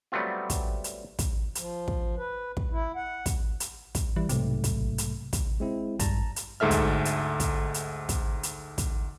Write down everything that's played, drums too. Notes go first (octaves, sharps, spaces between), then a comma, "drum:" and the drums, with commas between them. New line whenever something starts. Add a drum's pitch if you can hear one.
F#3 G3 A3 B3 C4 F4
drum: kick, hi-hat
drum: hi-hat
drum: kick, hi-hat
F3, drum: hi-hat
drum: kick
B4
drum: kick
E4
F#5
drum: kick, hi-hat
drum: hi-hat
drum: kick, hi-hat
E3 G3
B1 G#2 C3 A3, drum: hi-hat
drum: kick, hi-hat
drum: hi-hat
drum: kick, hi-hat
G#3 C4 E4
G2 A5 A#5, drum: kick, hi-hat
drum: hi-hat
D2 G#2 A4 E5 F6
drum: kick, hi-hat
drum: hi-hat
drum: kick, hi-hat
drum: hi-hat
drum: kick, hi-hat
drum: hi-hat
drum: kick, hi-hat